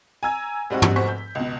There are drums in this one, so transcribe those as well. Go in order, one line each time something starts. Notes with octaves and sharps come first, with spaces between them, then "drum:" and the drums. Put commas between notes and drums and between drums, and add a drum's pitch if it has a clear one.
G#5 A#5 E6 G#6
G#2 G3 C4 F#4
drum: tom
F1 E2 F#4 C5 C#6 B6
G6
C#2 B2